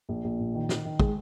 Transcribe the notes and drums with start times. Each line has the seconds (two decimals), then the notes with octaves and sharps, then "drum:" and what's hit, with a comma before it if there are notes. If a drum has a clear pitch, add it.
0.09 A#1
0.24 A#1
0.39 A#2
0.55 D#3
0.69 D#3, drum: snare
0.85 D#3
1.00 G#3, drum: kick